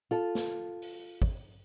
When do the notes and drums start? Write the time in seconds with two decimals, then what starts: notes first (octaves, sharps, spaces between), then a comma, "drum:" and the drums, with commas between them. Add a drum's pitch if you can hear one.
0.11 F4 A4
0.35 drum: snare
0.82 drum: open hi-hat
1.22 drum: kick